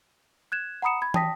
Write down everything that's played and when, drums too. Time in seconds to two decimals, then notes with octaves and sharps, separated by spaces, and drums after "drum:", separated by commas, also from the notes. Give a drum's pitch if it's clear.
0.52 F#6 G#6 E7
0.82 F#5 A#5 B5 D#6 C#7 E7
1.02 B5 G#6
1.14 G5 A5 D#6 A#6 B6, drum: tom